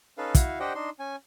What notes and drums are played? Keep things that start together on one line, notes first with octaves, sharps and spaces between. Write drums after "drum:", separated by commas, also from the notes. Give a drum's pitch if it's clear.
C#4 D#4 A4 B4 F5
E4 F#4 F5, drum: kick, hi-hat
D4 G4 C5 D#5 F#5 G5
D4 D#4 C6
C#4 G#5